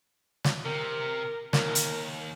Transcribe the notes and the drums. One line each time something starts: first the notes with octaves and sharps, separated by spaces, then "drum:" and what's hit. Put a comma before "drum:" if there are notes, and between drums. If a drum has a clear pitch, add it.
drum: snare
C3 A#4
D#2 A#4, drum: snare
drum: hi-hat